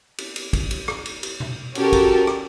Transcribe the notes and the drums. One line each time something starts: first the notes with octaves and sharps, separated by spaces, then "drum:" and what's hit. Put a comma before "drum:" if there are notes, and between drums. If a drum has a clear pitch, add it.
drum: cymbal
drum: cymbal
drum: kick, cymbal
drum: cymbal
drum: rim click
drum: cymbal
drum: cymbal
drum: tom B2
C#4 F#4 G4 A4 A#4, drum: cymbal
drum: kick, cymbal
drum: rim click